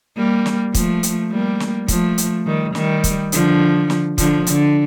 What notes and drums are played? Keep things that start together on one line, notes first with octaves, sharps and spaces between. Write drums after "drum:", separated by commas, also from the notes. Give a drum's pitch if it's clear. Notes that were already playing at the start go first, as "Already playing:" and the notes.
G3 A#3
drum: snare
F3 A3, drum: kick, hi-hat
drum: hi-hat
G3 A#3
drum: snare
F3 A3, drum: kick, hi-hat
drum: hi-hat
D#3 G3
D#3 G3, drum: snare
drum: kick, hi-hat
D3 F3, drum: hi-hat
drum: snare
D3 F3, drum: kick, hi-hat
D3, drum: hi-hat